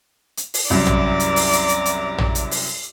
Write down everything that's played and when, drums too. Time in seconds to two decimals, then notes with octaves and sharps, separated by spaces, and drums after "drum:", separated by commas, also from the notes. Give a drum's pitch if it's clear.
0.37 drum: hi-hat
0.54 drum: open hi-hat
0.70 C2 F#2 D5 A#5
0.87 drum: tom
1.20 drum: hi-hat
1.36 drum: open hi-hat
1.53 drum: hi-hat
1.69 drum: hi-hat
1.85 drum: hi-hat
2.18 drum: tom
2.35 drum: hi-hat
2.51 drum: open hi-hat